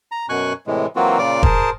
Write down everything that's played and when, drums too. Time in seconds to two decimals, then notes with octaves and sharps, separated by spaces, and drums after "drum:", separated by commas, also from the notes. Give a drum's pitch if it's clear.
0.12 A#5
0.29 F#2 B2 G#5 C#6 F#6
0.67 A2 C3 E3 G#3
0.96 E3 F#3 A#3 C4 F4 F#4
1.19 A#2 C#3 F4 D5 D6
1.43 G#4 A#4 C5 A5, drum: kick E1